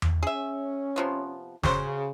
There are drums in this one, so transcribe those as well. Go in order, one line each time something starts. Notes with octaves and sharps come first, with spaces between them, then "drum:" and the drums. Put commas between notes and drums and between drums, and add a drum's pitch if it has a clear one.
drum: tom E2
C#4 G#4 E5
C3 F3 B3
C#3 F#4 C5, drum: snare